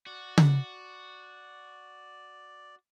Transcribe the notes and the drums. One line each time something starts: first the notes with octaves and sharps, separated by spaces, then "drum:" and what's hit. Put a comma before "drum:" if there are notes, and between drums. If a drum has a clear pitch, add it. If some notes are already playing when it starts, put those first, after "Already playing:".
F#4 D5
drum: tom C#3